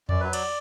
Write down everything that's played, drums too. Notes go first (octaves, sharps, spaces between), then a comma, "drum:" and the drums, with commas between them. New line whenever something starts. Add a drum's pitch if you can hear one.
F#2 D5, drum: tom F2
F#3 B4
D5, drum: cymbal